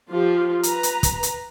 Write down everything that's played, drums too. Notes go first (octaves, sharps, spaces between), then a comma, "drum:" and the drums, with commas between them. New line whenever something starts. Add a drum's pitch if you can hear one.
F3 F4 G4
B4 A#5, drum: hi-hat
drum: hi-hat
drum: kick, hi-hat
drum: hi-hat